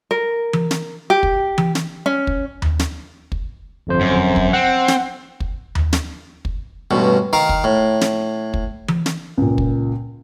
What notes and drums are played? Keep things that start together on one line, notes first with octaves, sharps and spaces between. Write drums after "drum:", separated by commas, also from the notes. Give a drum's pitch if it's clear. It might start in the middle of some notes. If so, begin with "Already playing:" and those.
A#4
drum: tom E3
drum: snare
G4
drum: kick
drum: tom E3
drum: snare
C#4
drum: kick
drum: tom D#2
drum: snare
drum: kick
G1 F2 C5
F#2
drum: kick
C4 F#5
drum: snare
drum: kick
drum: tom D#2
drum: snare
drum: kick
A1 G2 B2
D#3 A#4 F5
drum: kick
A2
drum: snare
drum: kick
drum: tom E3
drum: snare
C#2 A#2
drum: kick